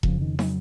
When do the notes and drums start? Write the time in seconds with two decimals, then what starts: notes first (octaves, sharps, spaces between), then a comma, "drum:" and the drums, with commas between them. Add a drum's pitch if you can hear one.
0.03 F2 C#3 F3, drum: kick E1
0.21 D#3
0.39 F#3, drum: snare